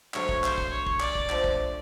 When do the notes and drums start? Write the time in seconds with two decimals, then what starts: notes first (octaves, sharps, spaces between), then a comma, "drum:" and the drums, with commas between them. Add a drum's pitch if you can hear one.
0.14 D3 F#3 A3 C4 C#5, drum: clap
0.29 drum: kick
0.44 C5, drum: clap
0.58 drum: kick
0.72 C#5
0.87 drum: kick
1.01 D5, drum: clap
1.15 drum: kick
1.30 D3 F3 A3 C4, drum: clap
1.44 drum: kick